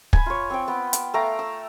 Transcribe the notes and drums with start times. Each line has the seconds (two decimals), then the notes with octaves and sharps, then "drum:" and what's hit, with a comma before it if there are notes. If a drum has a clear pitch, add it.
0.13 G#5 B5, drum: kick
0.26 F4 C#5
0.50 C4 G5
0.68 B3
0.93 drum: hi-hat
1.14 A3 F5 G5 A#5
1.39 E6